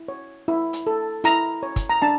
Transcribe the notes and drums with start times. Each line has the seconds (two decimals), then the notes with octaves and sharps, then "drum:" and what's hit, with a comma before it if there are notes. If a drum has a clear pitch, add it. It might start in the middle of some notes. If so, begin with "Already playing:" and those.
Already playing: E4
0.08 C#5
0.48 E4
0.73 drum: hi-hat
0.87 A4
1.24 E4 A#5, drum: hi-hat
1.63 C#5
1.76 drum: kick, hi-hat
1.89 A#5
2.02 D4 A5